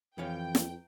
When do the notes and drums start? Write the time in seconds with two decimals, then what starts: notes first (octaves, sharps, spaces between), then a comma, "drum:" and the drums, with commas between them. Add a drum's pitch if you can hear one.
0.18 F2 E3 C#5 F5 G5
0.55 drum: snare